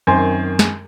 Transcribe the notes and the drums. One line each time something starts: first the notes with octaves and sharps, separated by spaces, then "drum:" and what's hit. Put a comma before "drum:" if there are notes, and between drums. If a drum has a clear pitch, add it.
F#2 D#3 C4 C6
drum: snare